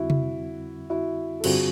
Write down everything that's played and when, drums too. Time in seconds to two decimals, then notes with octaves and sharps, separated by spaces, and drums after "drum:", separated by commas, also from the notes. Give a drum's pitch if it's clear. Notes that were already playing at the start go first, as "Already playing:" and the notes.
Already playing: F2 D3 G3 C4 E4 F#4
0.10 drum: tom C3
0.90 E4 F#4
1.40 A4
1.44 G2 D3 G3 C4 F4 F#4 G#4, drum: cymbal